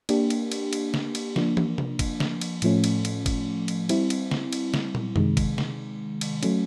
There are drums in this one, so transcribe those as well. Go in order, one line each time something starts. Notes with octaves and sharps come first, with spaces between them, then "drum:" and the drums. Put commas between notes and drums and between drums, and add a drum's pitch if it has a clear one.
A#3 D4 G4, drum: cymbal
drum: cymbal
drum: cymbal
drum: cymbal
drum: snare
drum: cymbal
F3 A#3 D4, drum: snare
drum: tom
drum: tom C3
drum: kick G1, cymbal
drum: snare
drum: cymbal
A2 F3 A3 C#4, drum: cymbal
drum: cymbal
drum: cymbal
drum: kick G1, cymbal
drum: cymbal
G3 C4 E4, drum: cymbal
drum: cymbal
drum: snare
drum: cymbal
drum: snare
drum: tom
C3 D#3 G#3, drum: tom F#2
drum: kick G1, cymbal
drum: snare
drum: cymbal
F#3 A3 C#4, drum: cymbal